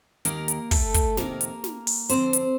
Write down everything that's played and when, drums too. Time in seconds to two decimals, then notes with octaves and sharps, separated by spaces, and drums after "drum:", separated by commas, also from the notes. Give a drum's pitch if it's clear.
0.25 D#2 D#3 A#3 A#4, drum: hi-hat
0.48 drum: hi-hat
0.71 A3 A4, drum: kick, open hi-hat
0.94 drum: kick, hi-hat
1.17 F2 C3 D#3 A#3 A#4, drum: snare
1.41 drum: hi-hat
1.64 drum: snare
1.87 drum: open hi-hat
2.09 F2 D3 C4 C5, drum: hi-hat
2.33 drum: hi-hat